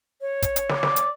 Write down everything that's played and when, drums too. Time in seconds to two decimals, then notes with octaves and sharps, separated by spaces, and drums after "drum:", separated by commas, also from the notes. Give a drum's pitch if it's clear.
0.21 C#5
0.42 drum: kick, hi-hat
0.56 drum: hi-hat
0.69 D5, drum: snare
0.83 drum: snare
0.96 drum: hi-hat